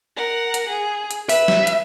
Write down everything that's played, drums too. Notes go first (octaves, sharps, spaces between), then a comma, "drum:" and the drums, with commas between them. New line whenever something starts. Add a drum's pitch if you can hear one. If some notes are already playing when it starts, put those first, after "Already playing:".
A#4 F#5
drum: hi-hat
G#4
drum: hi-hat
B4 E5, drum: open hi-hat
drum: snare
drum: hi-hat